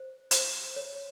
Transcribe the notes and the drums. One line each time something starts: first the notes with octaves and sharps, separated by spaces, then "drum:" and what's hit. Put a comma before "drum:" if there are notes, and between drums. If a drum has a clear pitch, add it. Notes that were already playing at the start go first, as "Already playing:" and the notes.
Already playing: C5
C5, drum: hi-hat
C#5